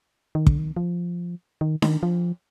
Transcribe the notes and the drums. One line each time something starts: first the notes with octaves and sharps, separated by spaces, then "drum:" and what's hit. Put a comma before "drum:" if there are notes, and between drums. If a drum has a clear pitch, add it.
D#3
D3, drum: kick
D#3
F3
D#3
D#3, drum: snare D4
F3